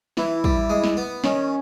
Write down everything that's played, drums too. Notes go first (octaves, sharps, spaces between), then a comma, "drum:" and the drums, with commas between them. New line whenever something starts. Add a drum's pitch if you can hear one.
E3 E4, drum: snare
G3, drum: kick
G#3
drum: snare
B3
D#3 C#4, drum: snare